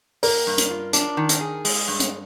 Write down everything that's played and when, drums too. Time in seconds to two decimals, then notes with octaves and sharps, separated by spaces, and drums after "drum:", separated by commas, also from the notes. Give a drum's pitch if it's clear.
0.23 A#3 A#4, drum: open hi-hat
0.47 G2
0.58 drum: hi-hat
0.70 F4
0.93 D4, drum: hi-hat
1.17 D#3
1.29 drum: hi-hat
1.41 G#4
1.65 G#3, drum: open hi-hat
1.88 G2
2.00 drum: hi-hat